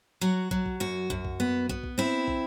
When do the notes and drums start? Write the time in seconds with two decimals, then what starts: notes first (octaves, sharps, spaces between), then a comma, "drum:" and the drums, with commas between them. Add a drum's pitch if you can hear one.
0.21 F#3 F#4
0.51 F#3, drum: kick
0.66 drum: kick
0.80 F#2 F#4
1.10 F#2, drum: kick
1.25 drum: kick
1.40 B3
1.69 B3, drum: kick
1.84 drum: kick
1.98 C4 E4
2.28 drum: kick